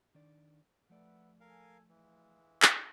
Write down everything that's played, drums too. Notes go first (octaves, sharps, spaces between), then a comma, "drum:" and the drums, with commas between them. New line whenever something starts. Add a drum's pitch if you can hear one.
D#3 D4 D5
F3 A3 B4 D5 E5 F#5
A4 A#4 F5 G#5
E3 G#3 E5 F5
drum: clap